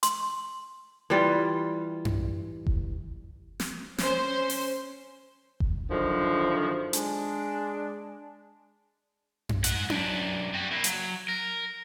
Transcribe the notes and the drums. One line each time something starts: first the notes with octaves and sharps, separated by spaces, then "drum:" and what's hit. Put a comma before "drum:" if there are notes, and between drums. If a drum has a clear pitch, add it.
C6, drum: hi-hat
E3 G3 F4
drum: tom F#2
drum: kick F#1
drum: snare
C#4 C5, drum: snare
drum: open hi-hat
drum: kick F#1
F#2 D3 D#3 F3
G#3 D4, drum: hi-hat
drum: tom F#2
G#2 F#5, drum: hi-hat
F#2 D4, drum: tom C#4
G3 F#4
A#3 E4
F#3, drum: hi-hat
A#4